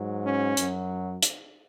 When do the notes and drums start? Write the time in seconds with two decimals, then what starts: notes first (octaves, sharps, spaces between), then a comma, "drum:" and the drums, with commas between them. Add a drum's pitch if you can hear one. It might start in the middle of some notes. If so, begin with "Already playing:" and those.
Already playing: G#2 F#3
0.25 C#4
0.57 F#2 F#3, drum: hi-hat
1.23 drum: hi-hat